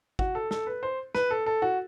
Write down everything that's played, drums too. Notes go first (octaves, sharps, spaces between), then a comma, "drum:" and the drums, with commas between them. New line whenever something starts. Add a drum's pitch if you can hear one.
F#4, drum: kick
A4
A4, drum: snare
B4
C5
B4, drum: snare
A4
A4
F#4